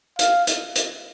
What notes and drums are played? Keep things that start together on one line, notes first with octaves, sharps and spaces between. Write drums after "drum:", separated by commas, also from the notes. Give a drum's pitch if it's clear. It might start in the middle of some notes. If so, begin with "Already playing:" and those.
F5, drum: hi-hat
drum: hi-hat
drum: hi-hat